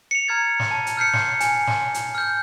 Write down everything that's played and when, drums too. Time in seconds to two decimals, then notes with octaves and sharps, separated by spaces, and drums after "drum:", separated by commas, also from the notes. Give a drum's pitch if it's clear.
0.11 C#7 F7
0.28 A#5 F6 G#6 A6
0.60 drum: snare
0.71 A5
0.87 drum: hi-hat
0.97 F6 G6 C7 C#7
1.13 drum: snare
1.40 G#5, drum: hi-hat
1.67 drum: snare
1.94 drum: hi-hat
2.15 F6 G6